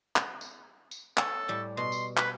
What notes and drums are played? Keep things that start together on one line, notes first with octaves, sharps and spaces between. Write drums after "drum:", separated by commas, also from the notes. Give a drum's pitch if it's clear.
drum: clap
drum: tambourine
drum: tambourine
A4 C#5, drum: clap
A2 G3
B2 C6
drum: tambourine
B4, drum: clap